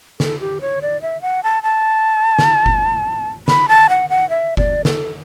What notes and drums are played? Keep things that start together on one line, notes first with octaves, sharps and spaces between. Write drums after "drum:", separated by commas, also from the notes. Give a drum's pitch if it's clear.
A4, drum: snare
G4
C#5
D5
E5
F#5
A5
A5
drum: snare
drum: kick F#1
B5, drum: snare
A5
F#5
F#5
E5
D5, drum: kick F#1
A4, drum: snare